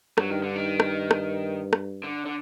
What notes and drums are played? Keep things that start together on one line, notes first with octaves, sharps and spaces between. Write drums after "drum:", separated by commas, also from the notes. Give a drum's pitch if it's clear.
G2 F#3, drum: rim click
D#3
D3
D#3
drum: rim click
drum: rim click
drum: rim click
D3
D3